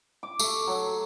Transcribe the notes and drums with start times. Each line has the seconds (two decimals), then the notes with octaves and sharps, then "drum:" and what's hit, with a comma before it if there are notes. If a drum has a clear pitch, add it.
0.23 D6
0.39 A3, drum: tambourine
0.67 F#3